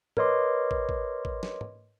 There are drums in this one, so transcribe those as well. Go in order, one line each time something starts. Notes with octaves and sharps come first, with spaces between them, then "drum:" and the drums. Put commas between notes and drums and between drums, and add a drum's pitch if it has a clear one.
A#4 B4 C#5 D#5 C6 D6, drum: tom
drum: kick
drum: kick
drum: kick
drum: snare
drum: tom